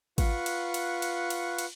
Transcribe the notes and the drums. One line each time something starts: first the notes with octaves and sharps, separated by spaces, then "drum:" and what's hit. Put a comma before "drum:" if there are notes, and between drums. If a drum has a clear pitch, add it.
F4 B4 F#5 C#6, drum: kick G#1, cymbal
drum: cymbal
drum: cymbal
drum: cymbal
drum: cymbal
drum: cymbal